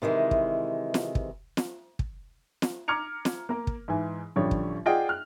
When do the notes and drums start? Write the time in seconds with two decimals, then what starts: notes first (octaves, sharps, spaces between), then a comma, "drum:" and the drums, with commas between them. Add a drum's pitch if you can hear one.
0.02 C3 D#3 E3 G#3
0.31 drum: kick
0.94 drum: snare
1.15 drum: kick
1.57 drum: snare
1.99 drum: kick
2.62 drum: snare
2.88 A#5 D6 F6 G#6 C#7 F7
3.25 drum: snare
3.49 A#3 A#4
3.67 drum: kick
3.88 G#2 E3 G#5
4.36 A1 D3 F3 G3 C#5
4.51 drum: kick
4.86 F4 G#4 D5 D#5 F#5 G5
5.09 F6 F#6